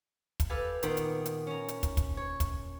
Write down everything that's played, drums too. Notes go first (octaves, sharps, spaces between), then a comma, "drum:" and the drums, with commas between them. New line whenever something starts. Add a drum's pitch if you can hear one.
drum: kick, hi-hat
G4 A4 B4 F5 G#5
A#2 D#3 B3 G5 B5 C6, drum: hi-hat
drum: hi-hat
drum: hi-hat
C#4 A#5
drum: hi-hat
drum: kick, hi-hat
drum: kick, hi-hat
C#5
drum: kick, hi-hat